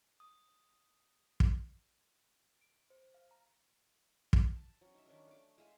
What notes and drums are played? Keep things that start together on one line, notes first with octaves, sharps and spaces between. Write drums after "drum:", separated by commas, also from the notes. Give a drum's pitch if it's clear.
D#6
drum: kick
D7
C5
F5
A#5
drum: kick
A5
F#3 C#4
D#4 E5
D#3 C#4 D4 A#4
A3 D6
G#3 E5 F5 G#5